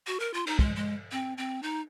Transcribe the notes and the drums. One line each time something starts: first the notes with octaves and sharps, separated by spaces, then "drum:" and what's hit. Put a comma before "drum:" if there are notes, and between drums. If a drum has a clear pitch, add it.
F#4
A#4
F4
D#4, drum: cymbal
G#3, drum: kick
G#3
C4
C4
D#4